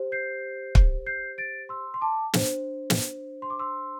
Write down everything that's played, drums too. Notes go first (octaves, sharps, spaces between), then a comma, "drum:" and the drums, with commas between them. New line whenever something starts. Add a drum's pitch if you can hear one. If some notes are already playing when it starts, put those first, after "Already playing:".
Already playing: G4 C5
G6 C7
drum: kick
G6 C7
A6 D7
C6 E6
C6
A5 D6
D4 C5, drum: snare
drum: snare
C6
D6
C6 E6